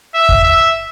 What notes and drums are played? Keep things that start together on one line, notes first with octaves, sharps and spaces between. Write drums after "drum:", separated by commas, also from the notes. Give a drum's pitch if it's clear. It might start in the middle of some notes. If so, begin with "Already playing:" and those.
E5
drum: kick
E5